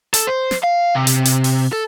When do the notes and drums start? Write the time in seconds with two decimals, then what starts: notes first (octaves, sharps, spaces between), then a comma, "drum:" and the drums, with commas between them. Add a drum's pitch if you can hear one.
0.14 A4, drum: hi-hat
0.27 C5
0.51 drum: snare
0.63 F5
0.95 C3
1.07 drum: hi-hat
1.25 drum: hi-hat
1.44 drum: open hi-hat
1.73 A4